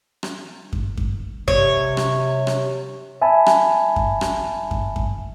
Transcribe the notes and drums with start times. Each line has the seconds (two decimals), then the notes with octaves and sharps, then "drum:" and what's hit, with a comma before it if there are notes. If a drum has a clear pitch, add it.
0.23 drum: rim click
0.73 drum: kick F#2
0.97 drum: kick F#2
1.48 C3 C#5, drum: kick F#2
1.97 drum: rim click
2.47 drum: rim click
3.22 E5 G#5 A5 B5
3.46 drum: rim click
3.96 drum: kick F#2
4.21 drum: rim click
4.71 drum: kick F#2
4.96 drum: kick F#2